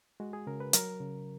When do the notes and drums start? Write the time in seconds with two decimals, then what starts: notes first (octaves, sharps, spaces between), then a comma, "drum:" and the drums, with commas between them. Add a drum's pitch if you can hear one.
0.20 G#3 F#4
0.33 G#4
0.47 C#3 A#4
0.60 B4
0.73 F#3 A#4, drum: hi-hat
1.00 C#3